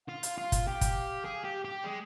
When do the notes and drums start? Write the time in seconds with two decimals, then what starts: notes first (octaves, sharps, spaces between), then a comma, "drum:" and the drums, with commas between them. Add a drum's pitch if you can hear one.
0.08 F4 F5
0.23 drum: hi-hat
0.38 F4
0.52 drum: kick, hi-hat
0.67 G4
0.81 drum: kick, hi-hat
1.25 G#4
1.44 G4
1.65 G4
1.84 G#3